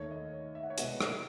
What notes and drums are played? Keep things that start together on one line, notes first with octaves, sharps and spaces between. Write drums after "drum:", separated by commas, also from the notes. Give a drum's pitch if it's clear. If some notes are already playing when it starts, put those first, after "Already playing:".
Already playing: D#2 D#3 A3 C#5
D#5
C#5
E5
F#5
C#5 E5
B2 G#3 B3 D#5 F#5, drum: hi-hat
drum: rim click